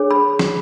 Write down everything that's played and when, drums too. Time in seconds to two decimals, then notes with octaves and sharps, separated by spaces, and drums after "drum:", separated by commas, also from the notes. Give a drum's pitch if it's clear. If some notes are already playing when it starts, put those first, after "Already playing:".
Already playing: D4 G#4 C#5
0.11 B5
0.39 drum: snare